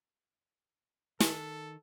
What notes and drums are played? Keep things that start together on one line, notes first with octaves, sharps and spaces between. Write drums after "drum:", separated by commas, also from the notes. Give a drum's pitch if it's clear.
D#3 A4 G#5, drum: snare